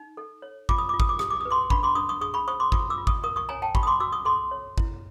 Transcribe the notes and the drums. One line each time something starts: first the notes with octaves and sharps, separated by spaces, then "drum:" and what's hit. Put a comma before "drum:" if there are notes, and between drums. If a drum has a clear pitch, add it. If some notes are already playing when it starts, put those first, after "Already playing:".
Already playing: D#4
A4
C#5
F4 D6, drum: kick G#1
D#6
F4 D6
D#6, drum: kick G#1
D6
G4 D#6, drum: rim click
D6
B4 D#6
C6 D6
D4 B5 C#6, drum: kick G#1
C6 D6
D4 C#6 D#6
C#6 D#6
G#4 C#6 D#6
B5 C#6
C5 C#6 D#6
C6 D6
F4 C#6 D#6, drum: kick G#1
D6 E6
F4
C#6 D#6, drum: kick G#1
A#4 C#6 D#6
C#6 D#6
C#5 G#5 A#5
G5 A5
F#4 B5 C#6, drum: kick G#1
D#6
C6 D6
F#4 D6 E6
C#6 D#6
A4 C6 D6
C#5
E4, drum: kick G#1